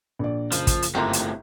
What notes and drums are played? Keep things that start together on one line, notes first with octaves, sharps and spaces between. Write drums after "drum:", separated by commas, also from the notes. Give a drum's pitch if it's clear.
A#1 D5
F#1 F3, drum: hi-hat
drum: kick, hi-hat
drum: hi-hat
G1 A2 C3 F3 A#3 C4 A#5
drum: hi-hat